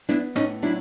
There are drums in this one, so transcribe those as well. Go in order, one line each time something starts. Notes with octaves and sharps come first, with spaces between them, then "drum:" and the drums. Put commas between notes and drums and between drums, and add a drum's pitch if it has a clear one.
B3 D4 E4, drum: snare
A2 C#4 D#4, drum: rim click
F#3 D4 E4